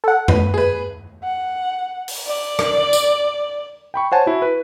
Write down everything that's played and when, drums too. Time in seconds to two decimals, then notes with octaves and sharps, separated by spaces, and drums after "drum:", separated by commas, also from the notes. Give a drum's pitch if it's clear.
0.04 A4 F#5
0.28 B4, drum: tom F#2
0.54 G#4 B4
1.24 F#5
2.08 drum: open hi-hat
2.27 D5
2.59 drum: rim click
2.93 drum: tambourine
3.94 G5 B5 C#6
4.12 C5 C#5 F#5 G#5 A5
4.26 E4 F#4
4.42 B4